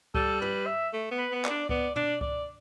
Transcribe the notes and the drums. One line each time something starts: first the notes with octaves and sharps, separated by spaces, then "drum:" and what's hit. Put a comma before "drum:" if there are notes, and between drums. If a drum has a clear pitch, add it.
G3 A4, drum: kick C#2
B4, drum: tom
E5
A3
B3
B4
B3 B4
D5, drum: clap
D4
B3 D5, drum: kick C#2
D4 D5, drum: tom
D5, drum: kick C#2